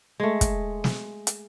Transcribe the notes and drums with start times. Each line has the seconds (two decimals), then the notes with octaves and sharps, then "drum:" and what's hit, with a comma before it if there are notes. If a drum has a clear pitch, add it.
0.20 G#3 A3
0.41 drum: kick, hi-hat
0.84 drum: snare
1.27 drum: hi-hat